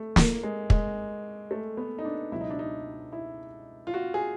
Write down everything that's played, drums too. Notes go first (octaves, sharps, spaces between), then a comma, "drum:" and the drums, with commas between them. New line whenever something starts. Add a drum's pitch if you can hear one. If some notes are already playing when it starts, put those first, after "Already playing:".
Already playing: A3
A#3, drum: snare
G#3
G#3, drum: kick
A3
B3
D#4
D4
C#2 B2 F#3 E4
D#4
D4
D#4
E4
F4
F#4
G#4